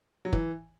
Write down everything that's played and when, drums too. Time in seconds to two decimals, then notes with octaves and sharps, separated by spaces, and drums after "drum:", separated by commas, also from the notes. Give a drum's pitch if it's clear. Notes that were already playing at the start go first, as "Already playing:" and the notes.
0.25 F#3
0.33 E3, drum: kick